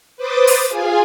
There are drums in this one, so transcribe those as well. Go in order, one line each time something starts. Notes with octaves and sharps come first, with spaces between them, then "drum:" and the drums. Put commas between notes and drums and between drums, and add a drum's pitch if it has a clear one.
B4 C5 D6 D#6 A6
drum: open hi-hat
F4 G#4 G#5